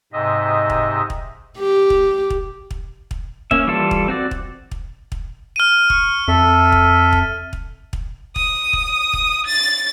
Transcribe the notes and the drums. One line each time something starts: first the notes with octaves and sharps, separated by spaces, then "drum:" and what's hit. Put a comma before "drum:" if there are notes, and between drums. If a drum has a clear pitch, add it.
G#2 C3 D#5 E5
drum: kick
drum: kick
G4
drum: kick
drum: kick
drum: kick
drum: kick
A#3 C#4 E5, drum: kick
E3 G3 F4 A4
drum: kick
C4 F#4 D5
drum: kick
drum: kick
drum: kick
F6 D#7
C#6, drum: kick
F2 A4 E5
drum: kick
drum: kick
drum: kick
drum: kick
D#6, drum: kick
drum: kick
drum: kick
A6